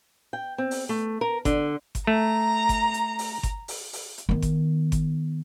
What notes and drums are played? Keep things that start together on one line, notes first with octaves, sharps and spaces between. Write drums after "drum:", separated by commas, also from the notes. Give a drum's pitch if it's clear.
G5
C4
drum: open hi-hat
A3
A#4
D3, drum: kick G1, hi-hat
drum: kick G1, hi-hat
A3 A#5
drum: kick G1, hi-hat
drum: hi-hat
drum: open hi-hat
drum: kick G1, hi-hat
drum: open hi-hat
drum: open hi-hat
drum: hi-hat
D#3 B3
drum: kick G1, hi-hat
drum: kick G1, hi-hat